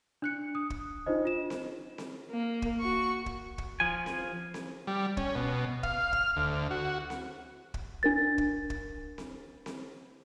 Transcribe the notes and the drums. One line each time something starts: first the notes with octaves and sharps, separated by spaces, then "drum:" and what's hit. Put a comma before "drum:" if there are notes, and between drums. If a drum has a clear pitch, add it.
D4 F#6 C#7
D#6
drum: kick
D4 D#4 F4 C5 D#5
F4 E7
drum: snare C4
drum: snare C4
A#3
drum: kick
F#4 C#6
drum: kick
drum: kick
F3 G#5
drum: snare C4
drum: snare C4
G3
C#4, drum: kick
B2
F5, drum: kick
F6, drum: kick
D2
F#4
drum: snare C4
drum: kick
D4 A#4 A6
drum: kick
drum: kick
drum: snare C4
drum: snare C4